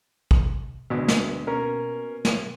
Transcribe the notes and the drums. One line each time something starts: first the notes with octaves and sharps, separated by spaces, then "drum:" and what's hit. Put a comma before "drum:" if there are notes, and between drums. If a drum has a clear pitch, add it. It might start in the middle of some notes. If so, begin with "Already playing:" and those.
drum: kick
D2 B2 G#3
drum: snare
A#3 C#4 A#4
drum: snare